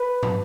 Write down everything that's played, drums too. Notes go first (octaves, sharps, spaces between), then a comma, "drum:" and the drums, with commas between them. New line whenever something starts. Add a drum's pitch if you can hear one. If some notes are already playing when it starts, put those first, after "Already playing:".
Already playing: B4
drum: tom